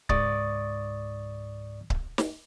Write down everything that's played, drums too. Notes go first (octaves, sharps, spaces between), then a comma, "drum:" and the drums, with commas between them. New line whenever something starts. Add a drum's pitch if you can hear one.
C#2 G#2 D5 C#6 D#6 A6, drum: kick C#1
drum: kick C#1
drum: snare